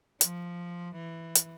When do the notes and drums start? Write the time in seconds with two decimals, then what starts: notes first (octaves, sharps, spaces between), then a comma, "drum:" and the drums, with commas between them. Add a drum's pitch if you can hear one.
0.21 F3, drum: hi-hat
0.95 E3
1.35 drum: hi-hat